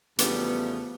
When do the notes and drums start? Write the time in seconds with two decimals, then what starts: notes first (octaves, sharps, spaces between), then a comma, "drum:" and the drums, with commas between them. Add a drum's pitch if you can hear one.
0.19 E2 C#3 F3 G3 A3 B3, drum: hi-hat